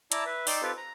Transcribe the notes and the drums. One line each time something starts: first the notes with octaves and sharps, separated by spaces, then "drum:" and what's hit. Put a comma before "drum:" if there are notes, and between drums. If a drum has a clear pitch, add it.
E4 D5 A5 A#5 E6, drum: hi-hat
B4 E5
D#4 D5 G5 C6 E6, drum: open hi-hat
C4 F4 G4 A4 B4
A#5